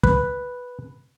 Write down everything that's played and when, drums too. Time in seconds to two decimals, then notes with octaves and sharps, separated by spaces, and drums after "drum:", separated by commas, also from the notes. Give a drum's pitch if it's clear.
0.03 B4, drum: kick